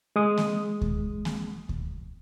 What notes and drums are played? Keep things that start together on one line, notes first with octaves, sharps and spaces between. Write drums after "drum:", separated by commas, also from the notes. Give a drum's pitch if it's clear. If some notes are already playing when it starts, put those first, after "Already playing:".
G#3 D#6
drum: snare A#3
drum: kick D2
drum: snare A#3
drum: kick D2